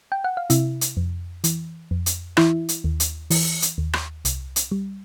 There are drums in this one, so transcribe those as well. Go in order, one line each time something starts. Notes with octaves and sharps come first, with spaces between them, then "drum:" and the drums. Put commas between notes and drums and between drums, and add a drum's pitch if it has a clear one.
G5
F#5
F5
C3 E4 E5, drum: hi-hat
drum: hi-hat
F2
E3, drum: hi-hat
F2
drum: hi-hat
E3 E4 E5, drum: rim click
drum: hi-hat
D#2
drum: hi-hat
E3, drum: open hi-hat
drum: hi-hat
D#2
drum: rim click
C2, drum: hi-hat
drum: hi-hat
G3